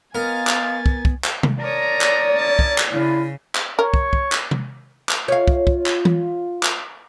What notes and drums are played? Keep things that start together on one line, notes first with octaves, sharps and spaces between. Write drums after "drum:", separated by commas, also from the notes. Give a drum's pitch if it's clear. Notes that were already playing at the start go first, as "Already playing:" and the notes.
B3 F4 A#4 D#5 F5 G#5 A6
drum: clap
drum: kick
drum: kick
drum: clap
drum: tom C3
A#4 C#5 D5 A5 A#5 D#6
drum: clap
C#4 E4 A5
drum: kick
drum: clap
C#3 D4 E4 F4
drum: clap
A#4 C#5
drum: kick
drum: kick
drum: clap
drum: tom C3
drum: clap
F4 C#5 F5
drum: kick
drum: kick
drum: clap
drum: tom E3
drum: clap